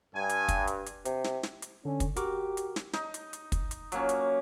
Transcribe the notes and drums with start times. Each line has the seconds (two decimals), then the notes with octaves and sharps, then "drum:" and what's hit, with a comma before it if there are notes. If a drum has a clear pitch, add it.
0.15 G2 G#5
0.29 drum: hi-hat
0.48 drum: kick, hi-hat
0.67 drum: hi-hat
0.86 drum: hi-hat
1.05 C3, drum: hi-hat
1.24 drum: snare
1.43 drum: snare
1.62 drum: hi-hat
1.85 D3 C#4
2.00 drum: kick, hi-hat
2.16 F#4 G4 A#4 D6, drum: hi-hat
2.57 drum: hi-hat
2.76 drum: snare
2.93 D#4, drum: snare
3.14 drum: hi-hat
3.33 drum: hi-hat
3.52 drum: kick, hi-hat
3.71 drum: hi-hat
3.92 F#3 A#3 C#4, drum: hi-hat
4.09 drum: hi-hat